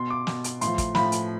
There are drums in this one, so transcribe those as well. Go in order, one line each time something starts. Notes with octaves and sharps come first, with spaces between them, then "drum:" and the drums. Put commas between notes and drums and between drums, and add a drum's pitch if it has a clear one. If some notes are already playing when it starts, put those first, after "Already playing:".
Already playing: B2 C6
D6
B2, drum: snare
drum: hi-hat
A2 F3 C6, drum: hi-hat
drum: kick, hi-hat
A2 F3 B5, drum: snare
drum: hi-hat